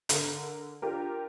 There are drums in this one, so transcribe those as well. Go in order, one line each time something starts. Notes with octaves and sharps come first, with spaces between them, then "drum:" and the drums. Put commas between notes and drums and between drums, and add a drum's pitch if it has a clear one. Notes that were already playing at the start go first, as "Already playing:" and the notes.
D3 A#4, drum: hi-hat
D4 F4 G4 A#4